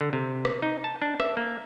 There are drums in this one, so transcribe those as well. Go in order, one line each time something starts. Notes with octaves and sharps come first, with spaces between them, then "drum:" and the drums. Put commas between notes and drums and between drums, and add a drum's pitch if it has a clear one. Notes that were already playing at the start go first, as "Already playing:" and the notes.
D3
C3
drum: rim click
D#4
A5
D4
E5, drum: rim click
A#3